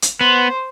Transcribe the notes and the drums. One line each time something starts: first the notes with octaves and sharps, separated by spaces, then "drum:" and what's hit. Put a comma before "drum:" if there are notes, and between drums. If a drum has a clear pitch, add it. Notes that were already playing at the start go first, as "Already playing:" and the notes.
drum: hi-hat
B3 C5